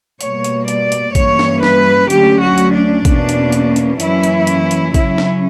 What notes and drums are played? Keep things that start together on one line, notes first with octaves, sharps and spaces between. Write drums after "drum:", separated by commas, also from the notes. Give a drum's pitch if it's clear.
B2 G3 A#3 C#5, drum: hi-hat
drum: hi-hat
D5, drum: hi-hat
drum: hi-hat
G2 E3 G3 A#3 C#4 C#5, drum: kick A1, hi-hat
drum: snare
B4, drum: snare
D2 D3 F#3 C#4 G4, drum: hi-hat
F#4
drum: hi-hat
D4
E2 B2 A#3 C#4, drum: kick A1, hi-hat
drum: hi-hat
drum: hi-hat
drum: hi-hat
F#2 E3 A#3 C#4 E4, drum: hi-hat
drum: hi-hat
drum: hi-hat
drum: hi-hat
C#3 F#3 C#4 E4, drum: kick A1, hi-hat
drum: snare